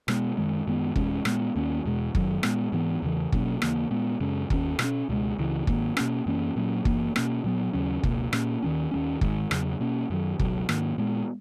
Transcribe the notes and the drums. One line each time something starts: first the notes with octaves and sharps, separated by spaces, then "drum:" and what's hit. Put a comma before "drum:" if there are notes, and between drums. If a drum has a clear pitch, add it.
B2 G#3 B3, drum: rim click
F#2 D#3 G#3
F#2 D#3 G#3 B3
E2 B2 G#3 C#4, drum: kick
A#2 G#3 B3, drum: rim click
D#2 D#3 A#3 C#4
E2 B2 G#3
F#2 D#3 F#3, drum: kick
A#2 G#3 B3, drum: rim click
G#2 E3 B3
E2 C#3 E3
B2 F#3 A#3 C#4, drum: kick
D#2 C#3 E3 A#3, drum: rim click
A#2 G#3 B3
F#2 C#3 G#3 C#4
D#2 D#3 G#3 C#4, drum: kick
B2 A#3, drum: rim click
C#4
C#2 B2 G#3
C#2 C#3 E3
G#2 D#3 A#3, drum: kick
B2 A#3 C#4, drum: rim click
F#2 E3 A#3 C#4
A#2 F#3 A#3 C#4
F#2 E3 A#3, drum: kick
B2 A#3 C#4, drum: rim click
A#2 F#3 B3
D#2 C#3 F#3 C#4
C#2 B2 A#3, drum: kick
A#2 A#3 C#4, drum: rim click
D#2 D#3 G#3 C#4
D#2 D#3 G#3 C#4
G#2 D#3 G#3, drum: kick
E2 C#3 F#3, drum: rim click
B2 A#3 C#4
F#2 D#3 F#3
C#2 B2 F#3, drum: kick
G#2 D#3 A#3, drum: rim click
A#2 G#3 B3